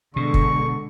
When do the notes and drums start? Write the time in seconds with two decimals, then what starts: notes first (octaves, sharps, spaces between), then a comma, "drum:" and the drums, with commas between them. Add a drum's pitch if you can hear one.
0.16 B2 D3 G#3 C#6
0.34 drum: kick